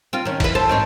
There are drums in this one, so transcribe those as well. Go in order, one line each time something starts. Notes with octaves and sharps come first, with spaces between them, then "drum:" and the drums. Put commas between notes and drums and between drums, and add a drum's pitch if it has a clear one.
C4 F4
D#3 C#4
E3 B4, drum: kick, cymbal
A4 C5
G#2 C4 C#5